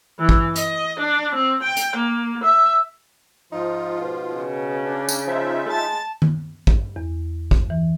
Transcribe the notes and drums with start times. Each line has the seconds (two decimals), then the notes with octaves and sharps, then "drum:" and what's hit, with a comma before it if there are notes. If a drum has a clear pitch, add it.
0.19 E3
0.29 drum: kick
0.56 D#5, drum: hi-hat
0.99 D4
1.34 C4
1.63 G5
1.77 drum: hi-hat
1.96 A#3
2.43 E5
3.52 G#2 F3 D#4 F4
4.02 B2
4.35 C#3
4.85 D4
5.09 drum: tambourine
5.27 F3 D#4 F4 E5
5.68 G#3 A5 A6
6.22 drum: tom D#3
6.67 drum: kick
6.96 E2
7.51 drum: kick
7.70 E3